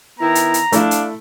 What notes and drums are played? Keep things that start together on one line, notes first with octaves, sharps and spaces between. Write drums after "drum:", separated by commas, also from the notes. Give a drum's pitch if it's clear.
D#3 B3 E4 A#5
drum: hi-hat
drum: hi-hat
A3 D4 E4 F5, drum: hi-hat
drum: hi-hat